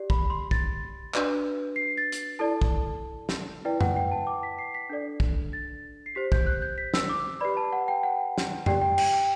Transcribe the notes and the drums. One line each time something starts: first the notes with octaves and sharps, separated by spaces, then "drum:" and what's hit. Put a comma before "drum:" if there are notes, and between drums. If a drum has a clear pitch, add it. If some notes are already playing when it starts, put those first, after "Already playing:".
Already playing: G4 D5
B5, drum: kick
C6
A6, drum: kick
D4 F#4 B4 D5, drum: clap
C7
A6
drum: hi-hat
E4 A4 D5 A5
drum: kick
drum: snare
E4 B4 D5 G5
F#5, drum: tom F2
G5
A5
D6
B6
C7
B6
D4 A4 D5
drum: kick
A6
C7
G4 C5 B6
G6, drum: kick
F#6
G6
B6
E6, drum: snare
D6
G4 B4 D5 B5
A5
F#5
G5
F#5
drum: snare
G4 D5 G5, drum: tom F2
G5
G5, drum: cymbal
G5